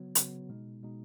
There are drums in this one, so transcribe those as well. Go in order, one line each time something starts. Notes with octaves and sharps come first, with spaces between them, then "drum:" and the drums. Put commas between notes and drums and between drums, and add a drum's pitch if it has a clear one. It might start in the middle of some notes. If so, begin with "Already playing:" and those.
Already playing: C#3 F#3 B3
C#3 F#3 B3, drum: hi-hat
B2 G#3 D#4
B2 G#3 D#4